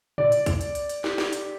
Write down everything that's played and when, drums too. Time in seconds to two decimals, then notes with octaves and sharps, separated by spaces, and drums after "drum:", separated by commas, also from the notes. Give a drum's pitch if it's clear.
0.18 D5, drum: tom A2
0.32 drum: hi-hat
0.46 drum: kick, hi-hat
0.61 drum: hi-hat
0.75 drum: hi-hat
0.89 drum: hi-hat
1.04 G4, drum: snare
1.18 drum: snare
1.33 drum: hi-hat